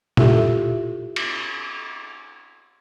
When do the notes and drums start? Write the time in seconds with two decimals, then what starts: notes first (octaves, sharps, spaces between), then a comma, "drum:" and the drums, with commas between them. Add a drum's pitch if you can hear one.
0.17 E4 F4 G4 A4 E5, drum: tom A#2
1.16 drum: cymbal